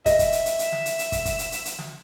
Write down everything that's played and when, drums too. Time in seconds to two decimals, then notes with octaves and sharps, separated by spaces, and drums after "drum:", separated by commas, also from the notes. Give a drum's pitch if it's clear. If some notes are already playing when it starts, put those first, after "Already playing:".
0.06 D#5 E5, drum: kick, hi-hat
0.19 drum: kick, hi-hat
0.32 drum: hi-hat
0.46 drum: hi-hat
0.59 drum: hi-hat
0.72 drum: snare
0.86 drum: hi-hat
0.99 drum: hi-hat
1.12 drum: kick, hi-hat
1.25 drum: kick, hi-hat
1.39 drum: hi-hat
1.52 drum: hi-hat
1.65 drum: hi-hat
1.79 drum: snare